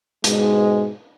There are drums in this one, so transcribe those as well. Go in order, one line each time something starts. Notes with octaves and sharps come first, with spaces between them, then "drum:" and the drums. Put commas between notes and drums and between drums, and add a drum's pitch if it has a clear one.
G#2 B2 G#3, drum: hi-hat